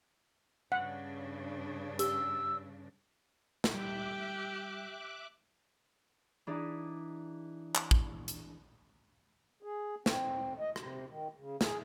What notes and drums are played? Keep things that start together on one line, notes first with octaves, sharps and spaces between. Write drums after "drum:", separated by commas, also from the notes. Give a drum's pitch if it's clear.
G2 C#3 D4 F#5
G4 E6, drum: hi-hat
drum: snare
G3 G4 E5 D6 F#6
E3 D4 D#4 G#4 D5
drum: clap
drum: kick
drum: hi-hat
G#4
C4, drum: snare
D#5
C3, drum: rim click
D#3
C#3
G#4, drum: snare